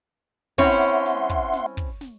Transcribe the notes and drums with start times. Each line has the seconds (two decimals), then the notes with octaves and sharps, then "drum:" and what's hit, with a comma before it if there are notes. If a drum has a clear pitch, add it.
0.58 C4 C#4 E4 C#5 E5 F#5 C6, drum: kick
1.06 drum: snare
1.30 drum: kick
1.53 drum: snare
1.77 drum: kick
2.01 drum: snare